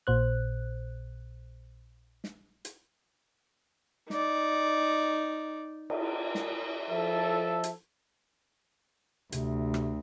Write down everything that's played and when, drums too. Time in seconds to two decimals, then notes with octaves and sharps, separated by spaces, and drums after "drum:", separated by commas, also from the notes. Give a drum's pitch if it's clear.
0.07 A#1 A#2 C5 F#6
2.24 drum: snare
2.65 drum: hi-hat
4.10 D#4 D5, drum: snare
5.90 drum: cymbal
6.35 drum: snare
6.90 F3 A4 E5
7.63 drum: hi-hat
9.32 D2 C3, drum: hi-hat
9.74 drum: rim click